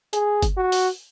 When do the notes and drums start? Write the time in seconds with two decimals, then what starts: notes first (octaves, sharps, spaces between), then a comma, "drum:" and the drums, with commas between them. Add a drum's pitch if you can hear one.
0.13 G#4, drum: hi-hat
0.43 drum: kick G1, hi-hat
0.57 F#4
0.72 drum: open hi-hat